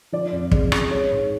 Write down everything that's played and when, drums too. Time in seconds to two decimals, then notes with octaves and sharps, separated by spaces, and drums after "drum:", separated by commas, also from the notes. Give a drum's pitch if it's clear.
0.12 F3 D5
0.32 F2
0.51 G#3 D5, drum: kick
0.72 C#3, drum: rim click
0.91 G#3 C#5
1.11 G#2